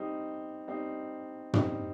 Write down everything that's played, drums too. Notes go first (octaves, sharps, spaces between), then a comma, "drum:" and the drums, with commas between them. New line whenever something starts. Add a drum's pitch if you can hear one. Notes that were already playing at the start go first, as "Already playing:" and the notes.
Already playing: G3 C4 D#4
G3 C4 D#4
G3 C4 D#4, drum: tom